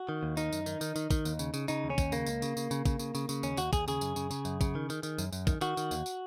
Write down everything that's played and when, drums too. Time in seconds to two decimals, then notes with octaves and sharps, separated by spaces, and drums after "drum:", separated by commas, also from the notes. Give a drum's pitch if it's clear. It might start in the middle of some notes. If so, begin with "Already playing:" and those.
Already playing: F#4
0.09 D#3
0.23 D#2
0.37 D#3 D#4, drum: tambourine
0.53 F#2, drum: tambourine
0.66 D#3, drum: tambourine
0.81 D#3, drum: tambourine
0.96 D#3, drum: tambourine
1.11 D#3, drum: kick, tambourine
1.25 D#2, drum: tambourine
1.39 C#3, drum: tambourine
1.54 C#3, drum: tambourine
1.68 C#3 D#4, drum: tambourine
1.84 D#2
1.90 C#4
1.98 D#2, drum: kick, tambourine
2.12 C#3 A#3, drum: tambourine
2.26 C#2, drum: tambourine
2.42 C#3, drum: tambourine
2.57 C#3, drum: tambourine
2.71 C#3, drum: tambourine
2.86 C#3, drum: kick, tambourine
2.99 C#3, drum: tambourine
3.15 C#3, drum: tambourine
3.29 C#3, drum: tambourine
3.43 D#2 C#4, drum: tambourine
3.57 D#2 F#4, drum: tambourine
3.73 D#2 G#4, drum: kick, tambourine
3.88 C#3 G#4, drum: tambourine
4.01 F#2, drum: tambourine
4.16 C#3, drum: tambourine
4.31 C#3, drum: tambourine
4.45 F#2, drum: tambourine
4.61 C#3, drum: kick, tambourine
4.75 D#3
4.90 D#3, drum: tambourine
5.03 D#3, drum: tambourine
5.18 F#2, drum: tambourine
5.33 F#2, drum: tambourine
5.47 D#3, drum: kick, tambourine
5.61 D#3 F#4, drum: tambourine
5.77 D#3, drum: tambourine
5.91 D#2, drum: tambourine
6.06 drum: tambourine